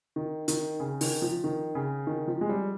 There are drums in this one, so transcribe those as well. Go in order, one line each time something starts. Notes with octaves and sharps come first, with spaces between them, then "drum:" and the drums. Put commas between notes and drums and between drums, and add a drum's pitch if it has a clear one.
D#3
D#3, drum: hi-hat
C#3
D#3, drum: open hi-hat
F3
D#3
C#3
D#3
F3
G#3
G3